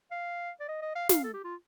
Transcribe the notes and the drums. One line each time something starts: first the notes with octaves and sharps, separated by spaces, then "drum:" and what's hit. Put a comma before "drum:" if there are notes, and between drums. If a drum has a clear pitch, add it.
F5
D5
D#5
D#5
F5
F5, drum: snare
A4
G4
F4